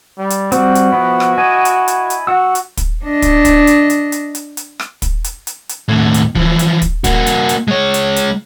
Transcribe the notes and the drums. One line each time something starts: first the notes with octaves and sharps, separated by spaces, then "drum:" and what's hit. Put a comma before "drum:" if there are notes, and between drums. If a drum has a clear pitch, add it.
G3
drum: hi-hat
G3 C4 F#4, drum: hi-hat
drum: hi-hat
F3 B3 E4
drum: rim click
E4 D#5 G#5
drum: hi-hat
drum: hi-hat
drum: hi-hat
F#4 F#5 E6
drum: hi-hat
drum: kick, hi-hat
D4 D#5
drum: kick, hi-hat
drum: kick, hi-hat
drum: hi-hat
drum: hi-hat
drum: hi-hat
drum: hi-hat
drum: hi-hat
drum: rim click
drum: kick, hi-hat
drum: hi-hat
drum: hi-hat
drum: hi-hat
D#2 A2
drum: hi-hat
E3 F3, drum: kick
drum: hi-hat
drum: kick, hi-hat
A#3 F#4, drum: kick, hi-hat
drum: hi-hat
drum: hi-hat
G#3 C#5
drum: hi-hat
drum: hi-hat